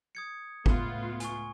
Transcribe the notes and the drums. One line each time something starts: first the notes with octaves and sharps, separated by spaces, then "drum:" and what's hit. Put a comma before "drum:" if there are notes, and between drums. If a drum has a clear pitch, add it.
D#6 G#6 C#7
C#2 A2 A3 B3 F4, drum: kick G1
G#5 C#6, drum: hi-hat